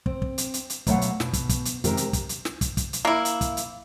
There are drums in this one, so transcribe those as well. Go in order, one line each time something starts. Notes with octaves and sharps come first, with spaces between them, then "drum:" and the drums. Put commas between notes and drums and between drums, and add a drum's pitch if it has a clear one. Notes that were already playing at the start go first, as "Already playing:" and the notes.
C4, drum: kick
drum: kick
drum: hi-hat
drum: hi-hat
drum: hi-hat
B2 F#3 A3 C#5 F5 F#5, drum: kick, hi-hat
drum: hi-hat
B2, drum: snare
drum: kick, hi-hat
drum: kick, hi-hat
drum: hi-hat
C3 D#3 G#3 G4 A#4, drum: hi-hat
drum: hi-hat
drum: kick, hi-hat
drum: hi-hat
drum: snare
drum: kick, hi-hat
drum: kick, hi-hat
drum: hi-hat
A#3 E4
drum: hi-hat
drum: kick, hi-hat
drum: hi-hat